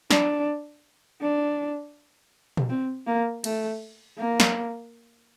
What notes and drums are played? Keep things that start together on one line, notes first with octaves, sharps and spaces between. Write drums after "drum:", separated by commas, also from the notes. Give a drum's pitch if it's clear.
D4, drum: snare
D4
drum: tom A#2
C4
A#3
A3, drum: cymbal
A#3
drum: snare